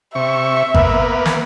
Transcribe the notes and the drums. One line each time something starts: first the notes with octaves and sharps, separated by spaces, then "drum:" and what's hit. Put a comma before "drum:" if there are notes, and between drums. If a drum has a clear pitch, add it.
C3 E5 C#6
A#3 B3, drum: kick G#1
drum: snare